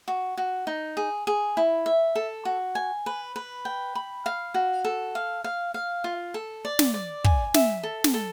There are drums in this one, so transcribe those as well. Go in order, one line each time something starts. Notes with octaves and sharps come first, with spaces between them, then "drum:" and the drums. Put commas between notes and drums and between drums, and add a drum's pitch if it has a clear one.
F#4
F#4
D#4
G#4
G#4
E4
E5
A4
F#4
G#5
B4
B4
G5
B5
F5
F#4
A4
F5
F5
F5
F4
A4
D5
drum: snare
D5
G#5, drum: kick
E5, drum: snare
A4
drum: snare
A4